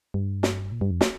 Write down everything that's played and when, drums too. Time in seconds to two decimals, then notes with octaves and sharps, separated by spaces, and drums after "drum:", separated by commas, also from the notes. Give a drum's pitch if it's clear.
0.14 G2
0.43 drum: snare
0.72 A#2
0.81 G2
0.91 F2
1.01 drum: snare